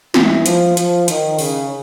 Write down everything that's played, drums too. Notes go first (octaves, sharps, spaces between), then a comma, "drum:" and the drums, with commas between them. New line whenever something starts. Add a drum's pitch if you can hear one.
E3, drum: snare
F3, drum: hi-hat
F3, drum: hi-hat
D#3, drum: hi-hat
C#3, drum: open hi-hat